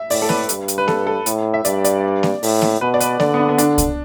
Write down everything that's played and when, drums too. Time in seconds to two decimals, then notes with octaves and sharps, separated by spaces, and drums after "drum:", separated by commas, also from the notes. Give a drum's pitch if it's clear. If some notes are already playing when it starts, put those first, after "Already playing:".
Already playing: E5
0.10 A2 D5, drum: open hi-hat
0.22 A4
0.29 B4, drum: snare A#3
0.49 G2, drum: hi-hat
0.68 drum: hi-hat
0.78 B4
0.88 A4, drum: snare A#3
1.07 A4
1.26 A2, drum: hi-hat
1.54 E5
1.65 G2 D5, drum: hi-hat
1.84 D5, drum: hi-hat
2.23 drum: snare A#3
2.43 A2, drum: open hi-hat
2.62 drum: snare A#3
2.81 B2 B4
2.94 D5
3.00 B4, drum: hi-hat
3.20 D3 D5, drum: snare A#3
3.34 B3
3.39 D4
3.49 B3
3.58 D4, drum: hi-hat
3.78 drum: kick C2, hi-hat